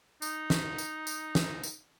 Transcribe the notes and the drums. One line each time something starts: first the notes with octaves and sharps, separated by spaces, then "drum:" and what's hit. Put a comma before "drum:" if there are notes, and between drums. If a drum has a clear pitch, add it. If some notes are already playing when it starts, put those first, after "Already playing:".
D#4, drum: tambourine
drum: snare
drum: tambourine
drum: tambourine
drum: snare
drum: tambourine